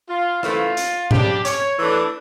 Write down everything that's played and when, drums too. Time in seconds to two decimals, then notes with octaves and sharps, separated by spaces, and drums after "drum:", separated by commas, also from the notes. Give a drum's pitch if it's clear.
0.09 F4
0.43 E3 A3 C#4 F4, drum: rim click
0.77 drum: hi-hat
1.11 C#3 G3 D4 G4, drum: tom A2
1.45 C#5, drum: hi-hat
1.79 E3 A3 D4